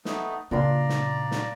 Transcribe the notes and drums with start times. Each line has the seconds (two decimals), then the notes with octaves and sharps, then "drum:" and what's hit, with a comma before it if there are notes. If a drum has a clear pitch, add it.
0.05 A3 B3 D#4, drum: snare
0.51 A#2 C#3 D4 F4 D5 A#5 C6
0.89 drum: snare
1.31 drum: snare